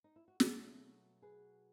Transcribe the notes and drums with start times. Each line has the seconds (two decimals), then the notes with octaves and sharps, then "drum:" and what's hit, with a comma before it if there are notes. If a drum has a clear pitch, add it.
0.04 D#4
0.16 E4
0.28 F#4
0.40 B2 F#3 A3 E4 G#4, drum: snare
1.22 G#4 B4